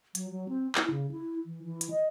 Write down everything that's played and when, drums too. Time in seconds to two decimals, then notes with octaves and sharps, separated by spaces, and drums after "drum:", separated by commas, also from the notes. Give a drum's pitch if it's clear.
0.15 F#3, drum: hi-hat
0.31 F#3
0.49 C4
0.75 E4, drum: clap
0.91 C#3
1.11 E4
1.46 E3
1.64 E3
1.81 drum: hi-hat
1.91 D#5